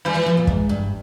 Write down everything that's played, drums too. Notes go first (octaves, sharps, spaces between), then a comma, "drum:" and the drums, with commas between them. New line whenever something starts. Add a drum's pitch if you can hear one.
E3 G3
F3
F3
A#2
G#2, drum: kick
G2